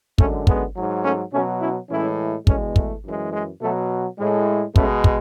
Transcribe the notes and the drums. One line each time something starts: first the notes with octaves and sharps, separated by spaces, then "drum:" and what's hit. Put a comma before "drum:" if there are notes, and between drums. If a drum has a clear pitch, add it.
F#2 D3 G#3 A3 C#4, drum: kick
G#3 B3, drum: kick
G#2 F#3
A3 C#4
B2 A3 C#4
F#3
C#4 E4
A2 E3 G#3 C#4 E4
E2 B2 G#3 A3 C#4, drum: kick
A3, drum: kick
F#2 E3 G#3
G#3
B2 F#3 A3
A2 G#3
B2 G#3 A3 C#4, drum: kick
drum: kick